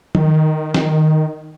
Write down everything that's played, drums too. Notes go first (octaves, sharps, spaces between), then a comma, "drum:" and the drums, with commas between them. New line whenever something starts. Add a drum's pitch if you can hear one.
D#3, drum: tom
drum: snare